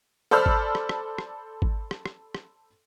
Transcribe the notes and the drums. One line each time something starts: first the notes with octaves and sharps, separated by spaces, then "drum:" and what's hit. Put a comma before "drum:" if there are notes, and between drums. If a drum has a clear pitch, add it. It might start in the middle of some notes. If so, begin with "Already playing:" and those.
A4 C5 D5 B5 E6 F6
drum: kick G#1
drum: rim click
drum: rim click
drum: rim click
drum: kick G#1
drum: rim click
drum: rim click
drum: rim click